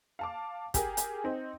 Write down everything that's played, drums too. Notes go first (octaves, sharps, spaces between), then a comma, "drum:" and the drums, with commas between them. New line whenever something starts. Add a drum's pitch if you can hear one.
F5 A5 D6
G4 G#4 A#4, drum: kick, hi-hat
drum: hi-hat
C4 D#4